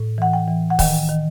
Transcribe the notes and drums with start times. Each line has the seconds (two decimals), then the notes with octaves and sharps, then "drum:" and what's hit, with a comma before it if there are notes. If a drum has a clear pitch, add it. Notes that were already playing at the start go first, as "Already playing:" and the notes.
Already playing: A2
0.18 E3 F#5
0.34 G5
0.48 E3
0.70 F#5
0.79 D#3 G5, drum: kick C#1, open hi-hat
1.09 D#3